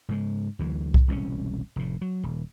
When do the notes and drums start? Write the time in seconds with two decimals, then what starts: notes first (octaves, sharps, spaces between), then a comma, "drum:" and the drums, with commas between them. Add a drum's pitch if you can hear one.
0.09 G#2 C#3 G#3
0.59 D2 E3 F#3
0.94 drum: kick C2
1.08 E1 C2 C4 C#4
1.76 F1 A2
2.01 F#3
2.23 D#1